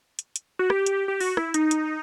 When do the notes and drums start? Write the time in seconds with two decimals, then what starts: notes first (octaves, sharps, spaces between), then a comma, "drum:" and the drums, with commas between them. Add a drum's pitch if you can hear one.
0.19 drum: hi-hat
0.36 drum: hi-hat
0.59 F#4
0.70 G4, drum: rim click
0.86 drum: hi-hat
1.08 G4
1.20 F#4, drum: open hi-hat
1.37 E4, drum: rim click
1.54 D#4, drum: hi-hat
1.71 drum: hi-hat